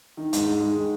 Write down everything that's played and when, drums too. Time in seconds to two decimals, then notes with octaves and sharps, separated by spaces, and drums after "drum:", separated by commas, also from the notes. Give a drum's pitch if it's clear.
0.17 D#3
0.33 G#2, drum: hi-hat
0.46 G#2
0.60 G#3
0.75 D#3